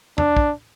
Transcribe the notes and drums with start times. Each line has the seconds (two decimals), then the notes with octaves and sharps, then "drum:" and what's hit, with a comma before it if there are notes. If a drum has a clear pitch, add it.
0.18 D4, drum: tom
0.37 drum: kick